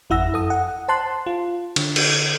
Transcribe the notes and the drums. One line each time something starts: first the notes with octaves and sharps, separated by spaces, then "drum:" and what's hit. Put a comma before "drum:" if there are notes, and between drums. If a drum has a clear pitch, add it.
G#1 F2 E4 F#5 E6 A#6
F#2 A4 D#6
F#5
C5 A5 C6 F#6
F4
D3, drum: cymbal
drum: cymbal